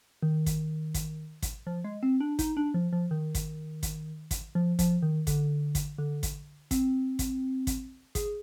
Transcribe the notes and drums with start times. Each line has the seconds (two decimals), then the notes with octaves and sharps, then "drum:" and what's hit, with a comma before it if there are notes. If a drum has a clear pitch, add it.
0.23 D#3
0.46 drum: kick, hi-hat
0.94 drum: kick, hi-hat
1.42 drum: kick, hi-hat
1.67 F3
1.84 G#3
2.03 C4
2.20 D4
2.39 D#4, drum: kick, hi-hat
2.57 D4
2.74 F3
2.93 F3
3.11 D#3
3.35 drum: kick, hi-hat
3.83 drum: kick, hi-hat
4.31 drum: kick, hi-hat
4.55 F3
4.79 F3, drum: kick, hi-hat
5.03 D#3
5.27 D3, drum: kick, hi-hat
5.75 drum: kick, hi-hat
5.98 D3
6.23 drum: kick, hi-hat
6.71 C4, drum: kick, hi-hat
7.19 drum: kick, hi-hat
7.67 drum: kick, hi-hat
8.15 G#4, drum: kick, hi-hat